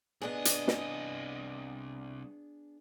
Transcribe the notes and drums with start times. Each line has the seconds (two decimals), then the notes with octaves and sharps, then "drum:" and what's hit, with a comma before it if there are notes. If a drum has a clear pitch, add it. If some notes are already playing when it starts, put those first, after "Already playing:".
0.22 C2 B3 D4 G#4 D#5
0.45 drum: hi-hat
0.68 drum: snare